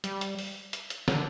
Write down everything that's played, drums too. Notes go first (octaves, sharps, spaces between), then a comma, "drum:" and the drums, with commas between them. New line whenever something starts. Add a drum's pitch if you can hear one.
G3, drum: hi-hat
drum: hi-hat
drum: open hi-hat
drum: hi-hat
drum: hi-hat
D3, drum: snare